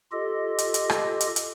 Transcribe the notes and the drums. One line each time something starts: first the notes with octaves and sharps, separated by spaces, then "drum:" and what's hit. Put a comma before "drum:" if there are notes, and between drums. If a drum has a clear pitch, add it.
F4 G4 A4 D#5
drum: hi-hat
drum: hi-hat
drum: rim click
drum: hi-hat
drum: hi-hat